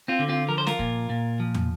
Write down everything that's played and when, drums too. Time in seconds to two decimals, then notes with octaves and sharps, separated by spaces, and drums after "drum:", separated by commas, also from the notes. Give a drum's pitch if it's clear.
0.08 C4 F4
0.19 D3
0.29 C4 F4
0.49 F3 A#4
0.58 C5
0.67 F4 A#4, drum: snare
0.79 A#2, drum: kick F1
1.10 A#2
1.40 F3
1.54 drum: tom